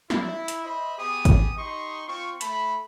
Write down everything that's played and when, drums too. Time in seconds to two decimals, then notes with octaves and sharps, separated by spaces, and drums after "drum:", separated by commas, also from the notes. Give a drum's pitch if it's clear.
0.10 E4, drum: snare
0.48 drum: hi-hat
0.64 C5 D#5 E5 B5
0.99 B3 G4 G#4 D#6
1.25 drum: kick G#1, hi-hat
1.57 D#4 G4 D#5 C6 C#6
2.08 C4 F4 C#6
2.41 A3 A5 B5, drum: hi-hat